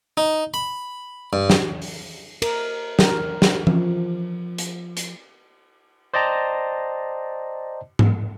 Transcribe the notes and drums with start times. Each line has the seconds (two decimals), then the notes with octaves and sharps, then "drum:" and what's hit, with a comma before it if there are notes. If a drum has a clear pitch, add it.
0.17 D#4
0.54 B5
1.33 G2
1.50 drum: snare
1.82 drum: open hi-hat
2.42 A#4, drum: cymbal
2.99 A#4, drum: snare
3.42 drum: snare
3.67 F3, drum: tom E3
4.58 drum: hi-hat
4.97 drum: hi-hat
6.14 C5 D5 D#5 G5 A5 A#5
7.99 drum: tom G#2